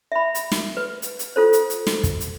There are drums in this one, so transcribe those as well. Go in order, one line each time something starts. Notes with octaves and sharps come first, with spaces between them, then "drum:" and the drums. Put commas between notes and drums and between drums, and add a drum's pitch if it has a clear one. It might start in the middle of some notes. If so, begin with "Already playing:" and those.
E5 B5
drum: hi-hat
drum: snare
B4
drum: hi-hat
drum: hi-hat
F4 A4 C5
drum: hi-hat
drum: hi-hat
drum: snare
drum: kick, hi-hat
drum: hi-hat